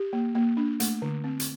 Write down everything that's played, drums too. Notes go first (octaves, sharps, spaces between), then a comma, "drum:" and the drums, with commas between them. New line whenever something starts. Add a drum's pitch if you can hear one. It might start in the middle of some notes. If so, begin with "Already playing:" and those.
Already playing: G4
A#3
A#3
D4
A3, drum: hi-hat
D3
C4
drum: hi-hat